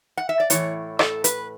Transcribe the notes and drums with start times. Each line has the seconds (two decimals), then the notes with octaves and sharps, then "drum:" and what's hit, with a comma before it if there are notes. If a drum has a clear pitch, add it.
0.17 F#5
0.29 E5
0.40 D5
0.50 A2 E3 C#5, drum: hi-hat
0.99 A4, drum: rim click
1.24 B4, drum: hi-hat